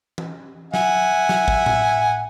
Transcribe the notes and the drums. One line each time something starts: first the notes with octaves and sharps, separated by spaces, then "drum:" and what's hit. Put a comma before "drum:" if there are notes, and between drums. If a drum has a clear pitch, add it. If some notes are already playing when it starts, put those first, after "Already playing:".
drum: tom E3
E5 F#5 G#5, drum: snare
drum: snare
drum: kick
drum: tom A2